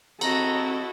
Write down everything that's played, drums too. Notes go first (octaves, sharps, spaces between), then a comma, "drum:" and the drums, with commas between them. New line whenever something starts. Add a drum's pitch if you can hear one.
C4 E4 F#4 A4 D#5 A#5, drum: cymbal